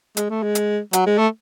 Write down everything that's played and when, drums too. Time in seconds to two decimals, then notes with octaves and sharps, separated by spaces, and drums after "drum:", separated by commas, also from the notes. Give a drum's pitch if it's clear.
0.17 G#3, drum: hi-hat
0.30 A3
0.43 G#3
0.55 drum: hi-hat
0.93 F#3, drum: hi-hat
1.07 G#3
1.18 A3